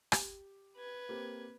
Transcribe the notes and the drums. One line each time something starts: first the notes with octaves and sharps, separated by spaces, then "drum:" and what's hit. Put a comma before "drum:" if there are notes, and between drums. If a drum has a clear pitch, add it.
G4, drum: rim click
B4 G#6
A#3 C4 G4